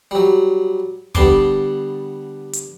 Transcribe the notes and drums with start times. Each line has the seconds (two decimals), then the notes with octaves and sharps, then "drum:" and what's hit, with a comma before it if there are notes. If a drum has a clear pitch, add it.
0.11 F#3 G3
1.15 D3 G3 B3 A5 C6 D6, drum: kick
2.53 drum: hi-hat